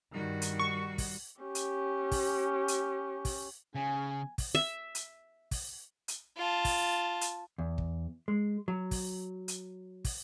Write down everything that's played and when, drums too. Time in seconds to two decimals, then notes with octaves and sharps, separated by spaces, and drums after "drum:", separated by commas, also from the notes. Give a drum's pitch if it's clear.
0.13 G2 D#3 G3 F#4
0.42 drum: hi-hat
0.60 C#6
0.98 drum: kick, open hi-hat
1.41 C#4 G4
1.55 drum: hi-hat
2.12 drum: kick, open hi-hat
2.68 drum: hi-hat
3.25 drum: kick, open hi-hat
3.75 C#3 G#5
4.38 drum: kick, open hi-hat
4.55 E5
4.95 drum: hi-hat
5.51 drum: kick, open hi-hat
6.08 drum: hi-hat
6.37 F4 A5
6.65 drum: kick, open hi-hat
7.21 drum: hi-hat
7.58 E2
7.78 drum: kick
8.28 G#3
8.68 F#3
8.91 drum: kick, open hi-hat
9.48 drum: hi-hat
10.05 drum: kick, open hi-hat